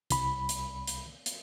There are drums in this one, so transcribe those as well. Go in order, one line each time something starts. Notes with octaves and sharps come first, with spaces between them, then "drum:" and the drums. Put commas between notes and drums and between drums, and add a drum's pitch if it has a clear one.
C2 B5, drum: hi-hat
drum: hi-hat
drum: hi-hat
drum: hi-hat